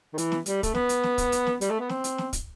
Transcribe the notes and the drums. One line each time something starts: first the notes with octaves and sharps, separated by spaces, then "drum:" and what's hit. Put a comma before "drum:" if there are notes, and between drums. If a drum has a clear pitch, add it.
D#3
E3, drum: hi-hat
drum: snare
G3, drum: hi-hat
A3, drum: kick, hi-hat
B3, drum: snare
drum: hi-hat
drum: snare
drum: kick, hi-hat
drum: hi-hat
drum: snare
G3, drum: hi-hat
A3
B3
C4, drum: snare
drum: hi-hat
drum: snare
drum: kick, hi-hat